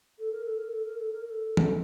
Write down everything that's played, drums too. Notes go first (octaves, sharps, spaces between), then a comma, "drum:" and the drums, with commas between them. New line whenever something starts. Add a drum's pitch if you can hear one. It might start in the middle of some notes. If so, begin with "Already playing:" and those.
A4
A#4
A4
A#4
A4
A#4
A4
A#4
A#4
A4
drum: tom E3